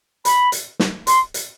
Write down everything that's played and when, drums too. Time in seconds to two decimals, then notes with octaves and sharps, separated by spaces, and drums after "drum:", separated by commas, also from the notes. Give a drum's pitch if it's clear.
0.25 B5, drum: hi-hat
0.52 drum: hi-hat
0.79 drum: snare
1.07 C6, drum: hi-hat
1.34 drum: hi-hat